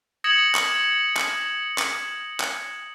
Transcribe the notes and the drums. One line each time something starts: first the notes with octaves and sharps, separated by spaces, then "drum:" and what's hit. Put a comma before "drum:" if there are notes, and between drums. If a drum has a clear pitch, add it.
D#6 G#6 A#6 C#7 E7 F#7
drum: clap
drum: clap
drum: clap
drum: clap